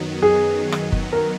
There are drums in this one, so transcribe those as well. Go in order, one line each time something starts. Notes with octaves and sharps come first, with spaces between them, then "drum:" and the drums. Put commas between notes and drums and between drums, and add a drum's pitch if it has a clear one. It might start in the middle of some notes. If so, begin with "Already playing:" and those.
Already playing: F#2 D#3 F#3 B3 D#4
G#4
drum: rim click
drum: kick F#1
A#4